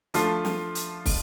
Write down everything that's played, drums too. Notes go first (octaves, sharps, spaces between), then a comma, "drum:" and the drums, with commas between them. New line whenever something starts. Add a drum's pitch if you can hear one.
F3 A3 D4 F4, drum: hi-hat
drum: snare
drum: hi-hat
drum: kick, open hi-hat